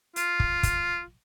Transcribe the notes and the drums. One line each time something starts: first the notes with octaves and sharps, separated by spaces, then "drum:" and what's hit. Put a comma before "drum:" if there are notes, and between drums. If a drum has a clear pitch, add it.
F4, drum: hi-hat
drum: kick
drum: kick, hi-hat